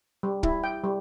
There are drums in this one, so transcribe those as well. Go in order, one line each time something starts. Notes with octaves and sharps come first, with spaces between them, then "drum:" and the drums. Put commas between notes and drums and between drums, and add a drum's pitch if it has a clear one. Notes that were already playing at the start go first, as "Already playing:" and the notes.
G3
E4, drum: kick
G5
G3